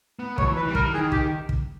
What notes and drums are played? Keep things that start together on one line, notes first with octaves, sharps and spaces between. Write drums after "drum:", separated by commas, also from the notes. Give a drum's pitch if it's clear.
B3
C#5, drum: kick
E3
B4
E3
G3
A#4, drum: kick
E3
D#3 G#4
G4, drum: kick
drum: kick